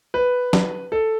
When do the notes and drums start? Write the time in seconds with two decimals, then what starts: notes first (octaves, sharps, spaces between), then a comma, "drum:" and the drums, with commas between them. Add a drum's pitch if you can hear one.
0.14 B4
0.53 drum: snare
0.92 A4